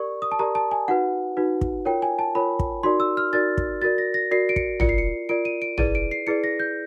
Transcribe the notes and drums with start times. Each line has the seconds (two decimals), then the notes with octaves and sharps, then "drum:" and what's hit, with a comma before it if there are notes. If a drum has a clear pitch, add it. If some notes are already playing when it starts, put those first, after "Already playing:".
Already playing: G4 A#4 D5 C#6
0.22 D#6
0.32 A5
0.39 G4 A#4 D5 A#5
0.55 A5
0.71 G#5
0.88 D#4 F#4 B4 F#5
1.37 D#4 F#4 B4
1.61 drum: kick
1.85 F4 A#4 C#5 G5
2.02 G#5
2.19 A5
2.35 F4 A#4 C#5 B5
2.59 drum: kick
2.83 D#4 F#4 A#4 D5 C6
3.00 E6
3.17 F6
3.33 D#4 F#4 A#4 D5 A6
3.58 drum: kick
3.82 F#4 A#4 D5 A6
3.98 A#6
4.14 A#6
4.31 F#4 A#4 D5 C7
4.49 D7
4.56 C#7, drum: kick
4.80 F4 A#4 D5 C#7, drum: tom
4.89 C7
4.98 C#7
5.29 F4 A#4 D5 D7
5.45 D#7
5.62 D7
5.78 E4 G#4 B4 D5 D#7, drum: tom
5.95 D7
6.11 C7
6.27 E4 G#4 B4 D5 C#7
6.44 A#6
6.59 G6